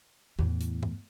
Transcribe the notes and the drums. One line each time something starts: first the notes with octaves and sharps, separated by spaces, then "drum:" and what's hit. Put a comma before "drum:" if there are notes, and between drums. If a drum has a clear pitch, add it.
E2 A2, drum: tom D#3
drum: hi-hat
drum: tom G2